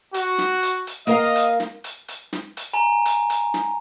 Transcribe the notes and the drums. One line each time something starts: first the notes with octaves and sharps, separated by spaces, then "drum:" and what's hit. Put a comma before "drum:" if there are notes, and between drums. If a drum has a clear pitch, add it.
F#4, drum: hi-hat
drum: snare
drum: hi-hat
drum: hi-hat
A#3 A#4 D#5 F5
drum: hi-hat
drum: snare
drum: hi-hat
drum: hi-hat
drum: snare
drum: hi-hat
G#5 A#5
drum: hi-hat
drum: hi-hat
drum: snare